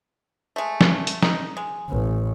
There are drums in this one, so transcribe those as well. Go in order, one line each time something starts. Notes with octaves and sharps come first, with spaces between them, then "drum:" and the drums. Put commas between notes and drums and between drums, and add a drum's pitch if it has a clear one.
G#3 A3
drum: snare
drum: hi-hat
D#4, drum: snare
G#3
A1